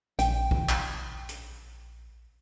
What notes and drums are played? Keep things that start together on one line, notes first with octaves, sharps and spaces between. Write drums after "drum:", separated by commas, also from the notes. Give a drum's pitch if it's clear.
A#1 G5, drum: hi-hat
drum: kick
drum: clap
drum: hi-hat